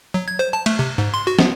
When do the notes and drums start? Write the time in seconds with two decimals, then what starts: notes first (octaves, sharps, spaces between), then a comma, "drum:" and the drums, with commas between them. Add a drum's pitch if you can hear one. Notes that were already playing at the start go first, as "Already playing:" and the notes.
0.14 F#3
0.28 G#6
0.39 C5
0.53 A5
0.66 A3, drum: cymbal
0.79 C3
0.98 G#2
1.14 C6
1.27 F#4
1.39 B3, drum: snare